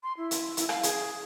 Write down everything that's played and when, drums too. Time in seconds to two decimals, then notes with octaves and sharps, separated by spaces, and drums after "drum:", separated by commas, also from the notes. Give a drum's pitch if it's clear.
0.03 C6
0.17 E4
0.31 drum: hi-hat
0.57 E4, drum: hi-hat
0.69 F5, drum: rim click
0.83 G#4, drum: hi-hat